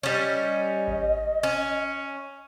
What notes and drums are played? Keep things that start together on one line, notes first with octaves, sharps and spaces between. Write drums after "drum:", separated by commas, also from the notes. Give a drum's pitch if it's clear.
G3 C#4 D#5
drum: kick G#1
C#4